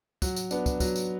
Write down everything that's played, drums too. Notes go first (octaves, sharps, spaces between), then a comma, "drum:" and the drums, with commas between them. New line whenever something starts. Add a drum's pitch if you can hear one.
F#3, drum: kick, tambourine
drum: tambourine
B3 D4, drum: tambourine
drum: kick, tambourine
F#3, drum: kick, tambourine
drum: tambourine